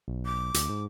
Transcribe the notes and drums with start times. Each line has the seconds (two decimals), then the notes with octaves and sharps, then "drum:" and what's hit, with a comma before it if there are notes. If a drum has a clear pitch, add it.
0.08 B1
0.25 D6
0.54 D2, drum: hi-hat
0.69 G#2